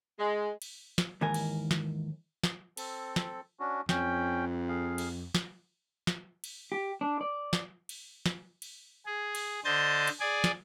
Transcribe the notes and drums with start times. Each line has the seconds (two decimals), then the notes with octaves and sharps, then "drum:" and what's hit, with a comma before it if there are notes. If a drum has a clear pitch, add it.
0.19 G#3
0.62 drum: cymbal
0.98 drum: snare
1.21 D#2 G#2 E3 A#4 G#5
1.34 drum: cymbal
1.71 drum: snare
2.43 drum: snare
2.77 C4 A4, drum: cymbal
3.16 drum: snare
3.60 C#4 D4 F#4
3.89 F2 C#4 G5, drum: snare
4.69 G#4 F5
4.98 drum: cymbal
5.35 drum: snare
6.07 drum: snare
6.44 drum: cymbal
6.72 G4
7.01 D4
7.21 D5
7.53 drum: snare
7.89 drum: cymbal
8.26 drum: snare
8.62 drum: cymbal
9.06 G#4
9.35 drum: cymbal
9.65 D3 C5 D#5 G6 A6
10.07 drum: cymbal
10.20 G#4 D5 G#5
10.44 drum: snare